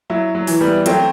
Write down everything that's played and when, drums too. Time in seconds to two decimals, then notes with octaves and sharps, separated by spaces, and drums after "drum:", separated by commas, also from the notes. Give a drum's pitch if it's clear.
0.10 F#3 E4
0.35 F#3
0.47 E3, drum: open hi-hat
0.61 G3 B3
0.86 F#3 A3 C4, drum: hi-hat